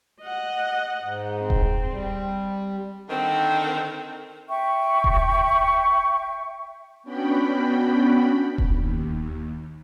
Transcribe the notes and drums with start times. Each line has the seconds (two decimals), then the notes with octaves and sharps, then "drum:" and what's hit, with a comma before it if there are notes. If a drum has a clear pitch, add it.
0.21 D#5 F#5
1.02 G#2
1.40 C4
1.50 drum: kick D#1
1.91 G3
3.09 D3 D#3 C4
4.49 E5 G5 C#6
5.04 drum: kick D#1
7.03 B3 C#4 D4 F#4 G5 B5
8.58 drum: kick D#1
8.73 D#2